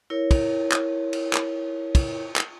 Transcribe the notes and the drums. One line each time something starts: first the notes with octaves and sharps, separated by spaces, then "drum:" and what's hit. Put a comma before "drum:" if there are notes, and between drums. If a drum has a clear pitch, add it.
E4 A#4 C#5
drum: kick, cymbal
drum: clap
drum: cymbal
drum: clap
drum: kick, cymbal
drum: clap